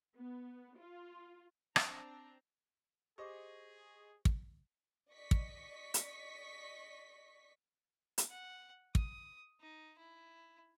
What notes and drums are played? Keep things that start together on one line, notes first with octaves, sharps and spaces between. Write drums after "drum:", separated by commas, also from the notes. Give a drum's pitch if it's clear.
B3
F4
C4 D4 A#5, drum: rim click
G4 G#4 C5 D#5 C#6 D6
drum: kick
D5 D#5 C#6 B6
drum: kick
drum: hi-hat
drum: hi-hat
F#5
D#6, drum: kick
D#4
E4